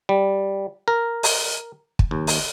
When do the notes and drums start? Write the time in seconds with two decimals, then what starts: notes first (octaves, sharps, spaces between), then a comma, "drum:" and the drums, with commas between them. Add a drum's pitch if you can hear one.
0.09 G3
0.88 A#4
1.23 drum: open hi-hat
1.99 drum: kick
2.11 D#2
2.27 drum: open hi-hat